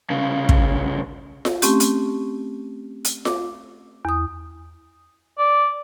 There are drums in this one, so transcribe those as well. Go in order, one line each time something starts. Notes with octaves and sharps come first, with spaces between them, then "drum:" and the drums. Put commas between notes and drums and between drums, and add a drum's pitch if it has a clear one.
C2 C#3
drum: kick
drum: snare F4
A3 C4 C#4 G4, drum: hi-hat
drum: hi-hat
drum: hi-hat
D6, drum: snare F4
E2 D#6
D5